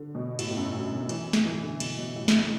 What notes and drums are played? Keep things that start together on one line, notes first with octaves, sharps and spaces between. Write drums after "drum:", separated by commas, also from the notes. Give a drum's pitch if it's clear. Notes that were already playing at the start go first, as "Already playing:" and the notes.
Already playing: D3
B2
A2, drum: cymbal
A2
F#2
A2
B2
E3, drum: cymbal
drum: snare
E3
D3
B2, drum: cymbal
B2
A2
drum: snare